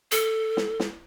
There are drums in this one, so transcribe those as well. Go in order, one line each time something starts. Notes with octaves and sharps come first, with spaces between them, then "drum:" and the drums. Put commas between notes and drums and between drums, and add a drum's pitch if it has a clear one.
A4, drum: hi-hat
drum: snare
drum: snare